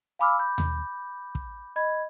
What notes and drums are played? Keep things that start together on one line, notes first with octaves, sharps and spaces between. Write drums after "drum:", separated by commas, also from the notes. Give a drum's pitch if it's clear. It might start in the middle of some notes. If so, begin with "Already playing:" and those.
F5 G#5 B5 D6 E6 F6
B5 D6 G6
drum: tom D#2
drum: kick
D#5 B5 G#6